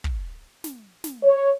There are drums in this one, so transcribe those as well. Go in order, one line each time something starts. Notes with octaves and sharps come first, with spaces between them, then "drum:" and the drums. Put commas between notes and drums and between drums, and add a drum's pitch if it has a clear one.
drum: kick
drum: snare
drum: snare
C#5